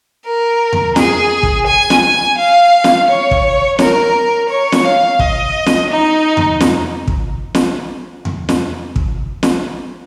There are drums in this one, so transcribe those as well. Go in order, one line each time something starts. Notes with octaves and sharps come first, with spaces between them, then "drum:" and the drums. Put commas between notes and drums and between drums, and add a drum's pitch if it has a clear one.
A#4
drum: tom E2
G#4, drum: snare
drum: kick
G#5
drum: snare
G#5
F5
drum: snare
C#5
drum: kick
A#4, drum: snare
C#5
drum: snare
F5
D#5, drum: kick
drum: snare
D#4
drum: tom E2
drum: snare
drum: kick
drum: snare
drum: tom E2
drum: snare
drum: kick
drum: snare